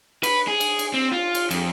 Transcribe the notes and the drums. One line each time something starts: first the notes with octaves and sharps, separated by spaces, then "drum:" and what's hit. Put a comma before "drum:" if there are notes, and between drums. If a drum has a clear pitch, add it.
B4, drum: cymbal
G#4
drum: cymbal
drum: cymbal
C4
F4
drum: cymbal
F2, drum: cymbal